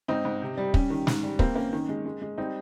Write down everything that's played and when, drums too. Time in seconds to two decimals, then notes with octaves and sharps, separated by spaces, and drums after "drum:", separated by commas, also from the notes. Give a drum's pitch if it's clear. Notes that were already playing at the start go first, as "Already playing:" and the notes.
0.08 G#2 C4 D#4
0.25 G#2
0.42 C3
0.57 G3
0.74 G3 C#4, drum: kick
0.90 D#3
1.07 G#2, drum: snare
1.23 G3
1.39 A#3 C4, drum: kick
1.55 A#3 C#4
1.72 D#3 C#4
1.89 G#3
2.05 G#3
2.22 G#3
2.38 G3 C4 D#4